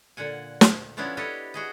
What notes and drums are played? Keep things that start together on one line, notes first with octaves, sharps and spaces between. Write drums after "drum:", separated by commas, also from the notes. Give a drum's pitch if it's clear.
A#2 D3 F#5 G#5
drum: snare
F3 B3 C#4 D4 E4 F4
D4 E4 G4 A4 C#5 D#5
F#4 G#4 D#5